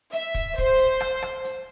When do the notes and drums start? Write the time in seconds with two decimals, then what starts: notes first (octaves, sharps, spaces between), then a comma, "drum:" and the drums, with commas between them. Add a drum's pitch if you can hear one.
0.13 E5, drum: hi-hat
0.35 drum: kick, hi-hat
0.58 C5, drum: kick, hi-hat
0.78 drum: hi-hat
1.00 drum: rim click
1.22 drum: rim click
1.44 drum: hi-hat